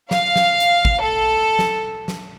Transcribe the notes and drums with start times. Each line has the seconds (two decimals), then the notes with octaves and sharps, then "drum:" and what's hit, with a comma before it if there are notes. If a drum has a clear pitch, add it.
0.11 F5, drum: snare
0.36 drum: snare
0.60 drum: hi-hat
0.85 drum: kick
1.01 A4
1.59 drum: snare
2.08 drum: snare